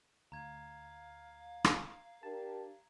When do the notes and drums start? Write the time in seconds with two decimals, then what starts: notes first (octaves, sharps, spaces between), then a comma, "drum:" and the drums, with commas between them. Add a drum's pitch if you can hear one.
0.32 D2 F5 A#5 G#6
1.64 drum: rim click
2.23 D4 G4 A#4 A5